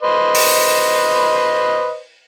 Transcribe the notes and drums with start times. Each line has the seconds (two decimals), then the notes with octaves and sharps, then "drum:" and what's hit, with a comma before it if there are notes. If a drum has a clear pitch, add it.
0.02 B4 C5 D#5
0.35 drum: open hi-hat